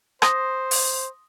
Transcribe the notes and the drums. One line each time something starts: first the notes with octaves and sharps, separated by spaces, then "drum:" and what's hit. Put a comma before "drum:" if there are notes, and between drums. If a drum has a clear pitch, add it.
C5 C6 D#6 A#6, drum: rim click
drum: open hi-hat